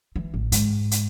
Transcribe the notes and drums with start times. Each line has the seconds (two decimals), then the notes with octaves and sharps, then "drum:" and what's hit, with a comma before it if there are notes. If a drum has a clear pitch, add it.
0.16 E3
0.34 A1
0.52 G#2, drum: hi-hat
0.91 drum: hi-hat